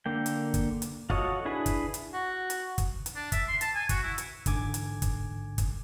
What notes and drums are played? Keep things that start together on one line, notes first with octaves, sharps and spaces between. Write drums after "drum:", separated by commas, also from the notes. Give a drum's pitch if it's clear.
D3 A#3 G5
drum: hi-hat
drum: kick, hi-hat
drum: hi-hat
F4 F#4 A4 C#5 D#5, drum: kick
D4 E4 G#4 B4
drum: kick, hi-hat
drum: hi-hat
F#4
drum: hi-hat
drum: kick, hi-hat
drum: hi-hat
D4
E5, drum: kick, hi-hat
C6
A5, drum: hi-hat
G#5
F#4, drum: kick, hi-hat
E4
drum: hi-hat
A1 G#2 D3 G#5 D6 G#6, drum: kick, hi-hat
drum: hi-hat
drum: kick, hi-hat
drum: kick, hi-hat